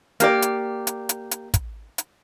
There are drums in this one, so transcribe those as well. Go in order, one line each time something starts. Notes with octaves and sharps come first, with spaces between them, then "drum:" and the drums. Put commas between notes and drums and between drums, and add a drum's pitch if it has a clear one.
A#3 G4 D5, drum: hi-hat
drum: hi-hat
drum: hi-hat
drum: hi-hat
drum: hi-hat
drum: kick, hi-hat
drum: hi-hat